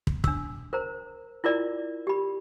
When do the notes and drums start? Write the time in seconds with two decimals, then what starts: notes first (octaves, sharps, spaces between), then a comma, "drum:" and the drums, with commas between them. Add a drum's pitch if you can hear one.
0.07 drum: kick
0.24 D4 E6, drum: kick
0.73 A#4 C5 A#5
1.44 E4 F4 A#4 D5
2.07 G4 B5